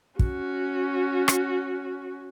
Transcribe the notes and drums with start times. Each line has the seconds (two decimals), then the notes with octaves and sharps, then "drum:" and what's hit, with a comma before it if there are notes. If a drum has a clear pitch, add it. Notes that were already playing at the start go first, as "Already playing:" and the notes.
0.19 C#4 F#4, drum: kick
1.28 drum: rim click